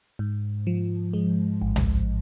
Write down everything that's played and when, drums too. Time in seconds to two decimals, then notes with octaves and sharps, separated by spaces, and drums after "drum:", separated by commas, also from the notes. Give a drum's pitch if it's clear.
0.19 G#2
0.67 F3
1.13 G#3
1.62 A1
1.76 drum: tom C#2